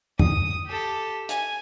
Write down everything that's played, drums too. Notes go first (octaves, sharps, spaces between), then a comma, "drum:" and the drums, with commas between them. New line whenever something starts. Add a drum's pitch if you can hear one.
D#6, drum: tom F2
G4 A4
G#5, drum: hi-hat